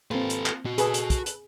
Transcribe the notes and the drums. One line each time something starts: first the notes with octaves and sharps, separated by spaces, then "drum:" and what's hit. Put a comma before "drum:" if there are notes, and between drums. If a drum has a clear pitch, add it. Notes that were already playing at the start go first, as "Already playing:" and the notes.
A#3 C4 F4 A4 B4
drum: hi-hat
drum: clap
F#4 D#5
G#4 A4 B4, drum: hi-hat
drum: hi-hat
drum: kick, hi-hat
drum: hi-hat